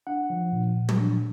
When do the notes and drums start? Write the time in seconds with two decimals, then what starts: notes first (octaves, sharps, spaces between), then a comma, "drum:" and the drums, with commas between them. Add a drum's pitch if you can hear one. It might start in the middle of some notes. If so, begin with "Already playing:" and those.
0.07 D4 F#5
0.30 F3
0.52 A#2
0.76 A#2
0.89 drum: tom
0.98 D4